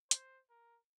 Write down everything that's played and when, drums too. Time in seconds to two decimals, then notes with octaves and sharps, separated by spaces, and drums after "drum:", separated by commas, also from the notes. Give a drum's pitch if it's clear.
0.11 C5, drum: hi-hat
0.50 A#4